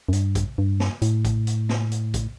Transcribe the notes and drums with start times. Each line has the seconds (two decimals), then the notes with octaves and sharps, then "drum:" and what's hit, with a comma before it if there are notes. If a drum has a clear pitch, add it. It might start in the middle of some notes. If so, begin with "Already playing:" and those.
0.09 F#2
0.13 G2, drum: hi-hat
0.35 drum: kick, hi-hat
0.58 G2
0.80 drum: snare
1.02 A2, drum: hi-hat
1.25 drum: kick, hi-hat
1.47 drum: hi-hat
1.69 drum: snare
1.92 drum: hi-hat
2.14 drum: kick, hi-hat